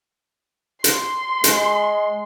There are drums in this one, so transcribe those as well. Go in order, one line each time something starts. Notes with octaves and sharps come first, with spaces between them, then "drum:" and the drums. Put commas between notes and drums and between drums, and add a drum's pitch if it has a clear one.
C6, drum: hi-hat
G#3, drum: hi-hat